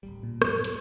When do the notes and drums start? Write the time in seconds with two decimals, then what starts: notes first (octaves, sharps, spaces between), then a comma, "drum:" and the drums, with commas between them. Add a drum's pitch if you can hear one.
0.03 D1 B1 G3
0.23 A#2
0.42 D1 G2 F#3 G#6, drum: rim click
0.64 drum: hi-hat